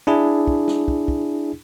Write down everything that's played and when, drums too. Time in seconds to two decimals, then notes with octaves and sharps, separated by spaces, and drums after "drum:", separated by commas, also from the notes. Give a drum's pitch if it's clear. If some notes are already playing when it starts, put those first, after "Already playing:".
0.07 D4 E4 G#4
0.47 drum: kick
0.68 drum: snare
0.88 drum: kick
1.08 drum: kick